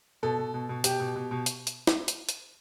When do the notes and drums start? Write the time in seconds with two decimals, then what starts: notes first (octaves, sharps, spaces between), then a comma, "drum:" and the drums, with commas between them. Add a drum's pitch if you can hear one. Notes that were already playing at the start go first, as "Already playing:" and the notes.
0.23 B2 A4
0.39 B2
0.54 B2
0.69 B2
0.84 B2 G4, drum: hi-hat
1.00 B2
1.16 B2
1.31 B2
1.46 drum: hi-hat
1.67 drum: hi-hat
1.87 drum: snare
2.08 drum: hi-hat
2.29 drum: hi-hat